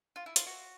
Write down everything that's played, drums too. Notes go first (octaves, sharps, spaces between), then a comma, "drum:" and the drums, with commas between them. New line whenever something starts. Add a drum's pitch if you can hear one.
F4
E4
F4, drum: hi-hat
F#4